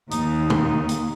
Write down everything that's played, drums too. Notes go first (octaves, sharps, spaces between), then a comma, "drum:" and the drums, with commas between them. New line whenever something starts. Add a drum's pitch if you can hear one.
D#2 D#4, drum: hi-hat
drum: tom
drum: hi-hat